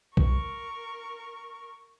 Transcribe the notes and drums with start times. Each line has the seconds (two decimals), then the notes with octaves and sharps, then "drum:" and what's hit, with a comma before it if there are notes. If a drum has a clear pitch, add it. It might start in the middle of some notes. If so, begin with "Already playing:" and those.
0.17 A#4 C#6, drum: kick B1